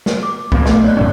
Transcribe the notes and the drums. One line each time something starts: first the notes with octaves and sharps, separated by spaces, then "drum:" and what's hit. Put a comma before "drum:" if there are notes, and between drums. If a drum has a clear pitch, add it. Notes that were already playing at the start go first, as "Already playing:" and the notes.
drum: snare
D6
A#1 A#3 B3, drum: kick C2
A3 D#5, drum: snare
C#5 D5 F#6
G#2 F#3 C#4